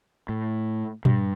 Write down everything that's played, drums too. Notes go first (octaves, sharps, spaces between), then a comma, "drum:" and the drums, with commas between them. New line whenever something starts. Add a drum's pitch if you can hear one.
A2
G2, drum: tom A#2